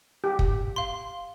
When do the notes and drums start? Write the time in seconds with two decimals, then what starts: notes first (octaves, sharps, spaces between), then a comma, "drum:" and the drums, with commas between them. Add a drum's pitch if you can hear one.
0.24 G4
0.39 drum: kick
0.76 F5 C6